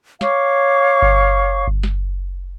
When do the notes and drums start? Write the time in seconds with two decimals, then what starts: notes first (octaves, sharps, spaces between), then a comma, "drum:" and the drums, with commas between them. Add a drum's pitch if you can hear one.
0.21 C#5 F5 C#6 D6, drum: snare
1.02 drum: kick G1
1.67 drum: kick G1
1.83 drum: snare